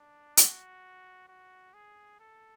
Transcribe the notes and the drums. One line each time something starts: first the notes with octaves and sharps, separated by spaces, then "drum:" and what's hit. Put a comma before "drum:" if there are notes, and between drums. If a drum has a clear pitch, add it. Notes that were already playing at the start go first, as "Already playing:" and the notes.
Already playing: D4
F#4, drum: hi-hat
F#4
G#4
A4